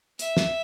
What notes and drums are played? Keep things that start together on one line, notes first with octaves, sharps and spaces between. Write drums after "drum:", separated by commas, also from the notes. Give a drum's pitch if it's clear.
E5, drum: hi-hat
drum: snare